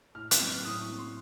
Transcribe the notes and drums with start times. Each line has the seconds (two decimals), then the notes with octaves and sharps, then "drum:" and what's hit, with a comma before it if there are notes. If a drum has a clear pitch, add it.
0.15 A2 F6
0.31 F#6, drum: hi-hat
0.40 F#3 C4
0.48 F6
0.65 A2 D#6
0.82 C#6
0.90 F#3 C4
0.99 C6